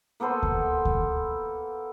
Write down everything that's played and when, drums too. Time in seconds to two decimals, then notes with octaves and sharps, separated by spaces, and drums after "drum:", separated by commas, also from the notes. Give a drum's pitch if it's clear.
0.20 A#3 B3 A4 C5
0.43 drum: kick D2
0.85 drum: kick D2